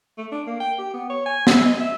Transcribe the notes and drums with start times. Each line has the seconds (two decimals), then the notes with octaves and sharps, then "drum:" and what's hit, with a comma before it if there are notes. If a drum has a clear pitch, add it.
0.18 A3
0.31 D4
0.47 A#3
0.60 G5
0.78 G4
0.94 B3
1.10 C#5
1.26 G#5
1.47 E5, drum: snare
1.65 D#5
1.80 E5